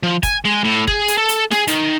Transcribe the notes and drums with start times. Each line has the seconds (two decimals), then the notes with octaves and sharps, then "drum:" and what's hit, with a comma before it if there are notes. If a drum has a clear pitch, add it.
0.03 F3
0.23 G#5, drum: kick, hi-hat
0.44 G#3
0.64 A2
0.87 G#4, drum: kick
1.08 drum: hi-hat
1.17 A4
1.29 drum: hi-hat
1.51 G#4, drum: snare
1.67 D#3, drum: hi-hat